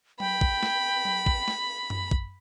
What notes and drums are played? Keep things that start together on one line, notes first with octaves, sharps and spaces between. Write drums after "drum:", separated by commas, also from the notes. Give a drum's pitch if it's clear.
G5 B5, drum: tom F#3
drum: kick
drum: snare
drum: tom F#3
drum: kick
drum: snare
drum: tom F#2
drum: kick